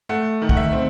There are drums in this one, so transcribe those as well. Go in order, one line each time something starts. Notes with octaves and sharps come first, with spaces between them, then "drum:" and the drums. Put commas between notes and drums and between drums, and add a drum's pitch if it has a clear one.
A3 F#5
D#3
F#5, drum: kick
E5
C4